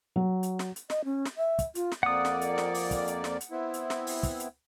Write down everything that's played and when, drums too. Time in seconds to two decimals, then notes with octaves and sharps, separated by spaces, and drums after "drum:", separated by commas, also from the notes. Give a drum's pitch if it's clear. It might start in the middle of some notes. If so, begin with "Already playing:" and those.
0.16 F#3
0.43 drum: hi-hat
0.59 drum: snare
0.76 drum: hi-hat
0.90 D#5, drum: snare
1.05 C#4
1.26 drum: snare
1.37 E5
1.59 drum: kick, hi-hat
1.75 F4, drum: hi-hat
1.92 drum: snare
2.03 F2 A#3 D5 F#5 D#6
2.25 drum: snare
2.41 drum: hi-hat
2.58 drum: snare
2.74 drum: open hi-hat
2.91 drum: kick, hi-hat
3.07 drum: hi-hat
3.24 drum: snare
3.41 drum: hi-hat
3.51 B3 C4 E4
3.74 drum: hi-hat
3.90 drum: snare
4.07 drum: open hi-hat
4.23 drum: kick, hi-hat
4.40 drum: hi-hat